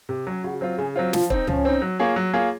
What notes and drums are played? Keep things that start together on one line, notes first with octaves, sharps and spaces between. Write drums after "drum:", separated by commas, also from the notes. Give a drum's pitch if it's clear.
C3
F#3 C#4
C#3 F#4
F#3 C4 F4
C#3 G#4
F#3 C4 F4
F3 F4, drum: snare
C4 D#4, drum: kick
F3 C#4, drum: tom C#2
C4 D#4
F#3
A#3 F4 G#4 C#5
F#3
A#3 F4 G#4 C#5